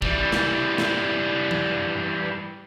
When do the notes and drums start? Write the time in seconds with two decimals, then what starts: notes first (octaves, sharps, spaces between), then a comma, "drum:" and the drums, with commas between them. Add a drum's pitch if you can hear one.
0.02 E3 G3, drum: kick
0.32 drum: snare
0.78 drum: snare
1.51 drum: tom F3